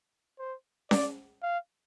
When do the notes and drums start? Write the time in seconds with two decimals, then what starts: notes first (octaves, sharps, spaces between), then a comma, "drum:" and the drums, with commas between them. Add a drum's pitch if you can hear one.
0.39 C5
0.91 D5, drum: snare C#4
1.43 F5